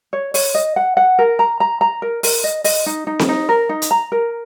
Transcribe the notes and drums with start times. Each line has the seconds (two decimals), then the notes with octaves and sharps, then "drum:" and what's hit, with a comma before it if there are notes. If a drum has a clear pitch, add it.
0.13 C#5
0.34 C#5, drum: open hi-hat
0.55 D#5
0.76 F#5
0.97 F#5
1.19 A#4
1.39 A#5
1.60 A#5
1.81 A#5
2.02 A#4
2.23 A#4, drum: open hi-hat
2.44 D#5
2.64 D#5, drum: open hi-hat
2.86 D#4
3.07 D#4
3.19 drum: snare C4
3.29 D#4
3.49 A#4
3.69 D#4
3.82 drum: hi-hat
3.91 A#5
4.12 A#4